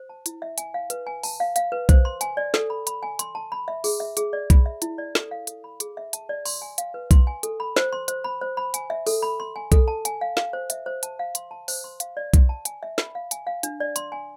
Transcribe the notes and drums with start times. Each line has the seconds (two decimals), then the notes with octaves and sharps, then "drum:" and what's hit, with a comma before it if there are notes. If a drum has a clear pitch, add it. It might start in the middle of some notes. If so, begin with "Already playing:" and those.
Already playing: C5
0.09 A5
0.26 E4, drum: hi-hat
0.42 E5
0.58 G#5, drum: hi-hat
0.74 F5
0.90 B4, drum: hi-hat
1.07 G#5
1.23 A5, drum: open hi-hat
1.40 F5
1.56 F5, drum: hi-hat
1.72 B4
1.89 C5, drum: kick B1, hi-hat
2.05 C6
2.21 G#5, drum: hi-hat
2.37 D5
2.54 A4, drum: snare
2.70 B5
2.87 B5, drum: hi-hat
3.03 G#5
3.19 C6, drum: hi-hat
3.35 A5
3.52 B5
3.68 E5
3.84 G#4, drum: open hi-hat
4.00 E5
4.17 G#4, drum: hi-hat
4.33 D5
4.50 B5, drum: kick B1, hi-hat
4.66 E5
4.82 E4, drum: hi-hat
4.98 D5
5.15 A4, drum: snare
5.31 F5
5.47 A4, drum: hi-hat
5.64 B5
5.80 G#4, drum: hi-hat
5.97 E5
6.13 A5, drum: hi-hat
6.29 D5
6.46 C6, drum: open hi-hat
6.62 G#5
6.78 F5, drum: hi-hat
6.94 B4
7.11 C6, drum: kick B1, hi-hat
7.27 G#5
7.43 A4, drum: hi-hat
7.60 B5
7.76 C5, drum: snare
7.93 C6
8.08 C5, drum: hi-hat
8.24 B5
8.41 C5
8.57 B5
8.74 G#5, drum: hi-hat
8.90 E5
9.07 A4, drum: open hi-hat
9.22 B5
9.40 C6
9.56 G#5
9.72 A4, drum: kick B1, hi-hat
9.88 A5
10.05 G#5, drum: hi-hat
10.21 F5
10.37 F5, drum: snare
10.53 C5
10.70 E5, drum: hi-hat
10.86 C5
11.03 A5, drum: hi-hat
11.19 F5
11.35 C6, drum: hi-hat
11.51 A5
11.68 C5, drum: open hi-hat
11.84 C6
12.00 F5, drum: hi-hat
12.17 D5
12.34 C6, drum: kick B1, hi-hat
12.49 A5
12.65 G#5, drum: hi-hat
12.83 E5
12.98 B5, drum: snare
13.15 F5
13.31 G#5, drum: hi-hat
13.47 F5
13.63 D4, drum: hi-hat
13.80 D5
13.96 C6, drum: hi-hat
14.12 G#5